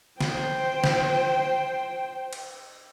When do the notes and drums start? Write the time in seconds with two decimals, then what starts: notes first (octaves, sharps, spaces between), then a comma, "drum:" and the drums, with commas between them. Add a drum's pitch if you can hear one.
0.21 C5 G5, drum: snare
0.84 drum: snare
2.33 drum: cymbal